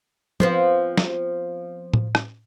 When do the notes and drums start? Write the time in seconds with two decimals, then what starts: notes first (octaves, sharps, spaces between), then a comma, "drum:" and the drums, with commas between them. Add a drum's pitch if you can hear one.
0.40 F3 B3 C4, drum: tom F3
0.97 drum: snare
1.94 drum: tom A2
2.15 drum: rim click